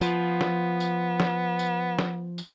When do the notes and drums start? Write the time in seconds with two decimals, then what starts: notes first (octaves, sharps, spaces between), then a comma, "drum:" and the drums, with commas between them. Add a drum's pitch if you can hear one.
0.01 F3 B3, drum: tambourine
0.41 drum: snare
0.80 drum: tambourine
1.20 drum: snare
1.59 drum: tambourine
1.99 drum: snare
2.38 drum: tambourine